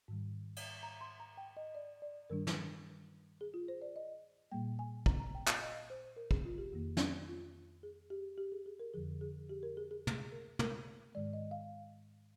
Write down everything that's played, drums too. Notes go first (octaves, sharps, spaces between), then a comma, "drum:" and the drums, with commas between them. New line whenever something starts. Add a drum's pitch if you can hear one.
G#2 D#3 G3
drum: cymbal
A#5
C6
A#5
G5
D#5
D5
D5
G2 D#3 G3 D4 A#4
drum: snare
G#4
F4
C5
D5
D#5
A#2 G3 A#3 G5
G#5
A#5, drum: kick
A#5
G5
F5, drum: clap
D#5
C5
A#4
G#4, drum: kick
F4
G4
F2 D#3 A#3
drum: snare
F4
G#4
G4
G4
G#4
G#4
A#4
F2 D3 F3 G#4
G#4
G4
A#4
G#4
G#4
drum: tom
A#4
A#4, drum: tom
G#2 D#3 G#3 D5
D#5
F5